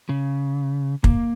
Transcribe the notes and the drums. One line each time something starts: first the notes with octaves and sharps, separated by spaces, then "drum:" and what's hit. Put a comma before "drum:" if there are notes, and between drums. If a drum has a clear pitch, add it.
C#3
A#3, drum: kick